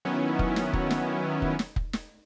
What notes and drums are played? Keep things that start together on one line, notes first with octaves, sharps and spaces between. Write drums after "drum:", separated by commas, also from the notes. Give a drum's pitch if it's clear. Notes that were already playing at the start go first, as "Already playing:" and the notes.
D#3 F#3 B3 C#4 E4
drum: kick
drum: snare
drum: kick
drum: snare
drum: kick
drum: snare
drum: kick
drum: snare